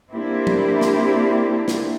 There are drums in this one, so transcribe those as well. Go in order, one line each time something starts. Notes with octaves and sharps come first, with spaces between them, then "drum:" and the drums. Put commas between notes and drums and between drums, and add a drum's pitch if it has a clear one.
A#3 C4 D4 E4 G4
drum: tom F3
drum: snare
drum: snare